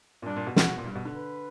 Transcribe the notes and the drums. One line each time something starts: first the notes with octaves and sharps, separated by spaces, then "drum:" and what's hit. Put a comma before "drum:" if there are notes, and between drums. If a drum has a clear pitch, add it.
A#2
G2 D4
A#2
B2
F#4, drum: snare
A#2
G2
B2
D3
B4